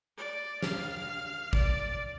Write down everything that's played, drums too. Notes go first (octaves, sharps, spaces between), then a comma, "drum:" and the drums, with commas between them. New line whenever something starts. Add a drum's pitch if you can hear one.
D5
F5, drum: snare
D5, drum: kick